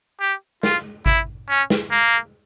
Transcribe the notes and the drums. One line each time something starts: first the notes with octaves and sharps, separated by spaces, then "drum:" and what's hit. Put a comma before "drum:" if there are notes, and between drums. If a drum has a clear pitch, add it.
G4
F4, drum: snare
E4, drum: kick G#1
C#4
drum: snare
A#3